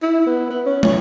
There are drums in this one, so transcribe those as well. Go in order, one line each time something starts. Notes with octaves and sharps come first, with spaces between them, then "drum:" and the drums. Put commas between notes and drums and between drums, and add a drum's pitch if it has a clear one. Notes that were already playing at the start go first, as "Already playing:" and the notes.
E4
B3
B3
C#4
C#5, drum: tom